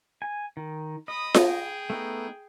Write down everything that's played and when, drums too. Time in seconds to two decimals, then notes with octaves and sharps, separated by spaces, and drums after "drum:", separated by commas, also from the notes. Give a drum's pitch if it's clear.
0.22 G#5
0.57 D#3
1.08 D#5 B5 D#6
1.34 drum: snare F4
1.46 G#4 G5
1.90 A3 B3 D#4